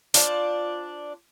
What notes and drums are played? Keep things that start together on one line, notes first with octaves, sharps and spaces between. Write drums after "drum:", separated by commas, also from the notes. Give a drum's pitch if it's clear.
D4 F4 C5 D5, drum: hi-hat